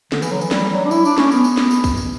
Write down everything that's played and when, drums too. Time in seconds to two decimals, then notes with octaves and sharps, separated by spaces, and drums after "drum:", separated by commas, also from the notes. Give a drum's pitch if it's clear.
0.12 D3, drum: snare
0.22 E3, drum: tambourine
0.31 F#3
0.41 E3, drum: tambourine
0.51 G3, drum: snare
0.72 F#3
0.85 D4
0.91 E4, drum: tambourine
1.05 D4, drum: tambourine
1.18 C#4, drum: snare
1.31 B3, drum: tambourine
1.44 drum: tambourine
1.57 drum: snare
1.71 drum: tambourine
1.84 drum: kick B1, tambourine
1.97 drum: tambourine